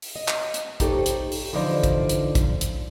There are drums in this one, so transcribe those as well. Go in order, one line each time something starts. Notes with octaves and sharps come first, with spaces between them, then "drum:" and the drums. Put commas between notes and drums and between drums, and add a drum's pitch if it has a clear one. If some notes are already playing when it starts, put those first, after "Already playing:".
drum: open hi-hat
D#5
drum: clap
drum: hi-hat
D#4 G4 A4 A#4 C5 C#5, drum: kick, hi-hat
drum: hi-hat
drum: open hi-hat
D3 E3 F3 D#4 C5 D5
drum: kick, hi-hat
drum: hi-hat
drum: kick, hi-hat
drum: hi-hat